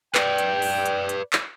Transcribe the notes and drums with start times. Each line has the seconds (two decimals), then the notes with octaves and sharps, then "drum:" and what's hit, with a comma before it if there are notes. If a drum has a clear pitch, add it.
0.15 B4 D5 G5, drum: clap
0.38 drum: hi-hat
0.62 drum: open hi-hat
0.86 drum: hi-hat
1.09 drum: hi-hat
1.33 drum: clap